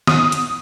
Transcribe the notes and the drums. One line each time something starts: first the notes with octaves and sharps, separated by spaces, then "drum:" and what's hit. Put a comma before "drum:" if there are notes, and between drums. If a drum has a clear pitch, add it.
D#6, drum: snare
drum: hi-hat